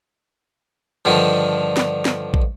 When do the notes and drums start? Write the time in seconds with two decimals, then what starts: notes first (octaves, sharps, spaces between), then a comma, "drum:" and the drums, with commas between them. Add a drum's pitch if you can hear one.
1.05 G2 D3 D#3 F3
1.77 drum: snare
2.05 drum: snare
2.34 drum: kick